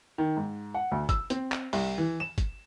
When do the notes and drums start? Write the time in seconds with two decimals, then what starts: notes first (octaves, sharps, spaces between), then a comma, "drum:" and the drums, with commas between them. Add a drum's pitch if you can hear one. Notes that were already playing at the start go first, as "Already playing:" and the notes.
0.18 D#3
0.37 G#2
0.74 F#5
0.92 D2
1.09 E6, drum: kick, hi-hat
1.30 C4, drum: hi-hat
1.52 drum: clap
1.73 C2, drum: open hi-hat
1.98 E3
2.20 E7
2.38 drum: kick, hi-hat